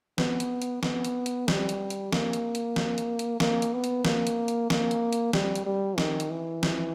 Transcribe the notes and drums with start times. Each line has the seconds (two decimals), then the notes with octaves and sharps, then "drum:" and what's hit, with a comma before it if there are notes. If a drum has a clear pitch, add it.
0.18 B3, drum: snare
0.40 drum: hi-hat
0.62 drum: hi-hat
0.83 B3, drum: snare
1.05 drum: hi-hat
1.26 drum: hi-hat
1.48 G3, drum: snare
1.69 drum: hi-hat
1.90 drum: hi-hat
2.12 A#3, drum: snare
2.33 drum: hi-hat
2.55 drum: hi-hat
2.76 drum: snare
2.98 drum: hi-hat
3.19 drum: hi-hat
3.40 A#3, drum: snare
3.62 drum: hi-hat
3.73 B3
3.84 drum: hi-hat
4.05 A#3, drum: snare
4.27 drum: hi-hat
4.48 drum: hi-hat
4.70 A#3, drum: snare
4.91 drum: hi-hat
5.13 drum: hi-hat
5.33 G3, drum: snare
5.55 drum: hi-hat
5.66 G3
5.98 D#3, drum: snare
6.20 drum: hi-hat
6.30 E3
6.63 drum: snare